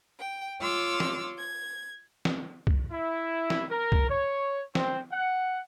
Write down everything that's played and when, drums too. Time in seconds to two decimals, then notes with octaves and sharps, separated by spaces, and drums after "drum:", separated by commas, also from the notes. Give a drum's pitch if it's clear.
0.18 G5
0.61 F4 C#5 C6 D6 E6 F6
1.00 drum: snare
1.37 G#6
2.25 drum: snare
2.67 drum: kick C2
2.92 E4
3.50 drum: snare
3.71 A#4
3.92 drum: kick C2
4.09 C#5
4.75 C4, drum: snare
5.12 F#5